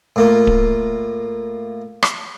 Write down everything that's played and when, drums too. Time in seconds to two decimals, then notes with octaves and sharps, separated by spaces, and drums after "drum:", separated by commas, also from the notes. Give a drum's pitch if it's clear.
0.16 A2 A#3 F4
0.47 drum: kick D1
2.03 drum: rim click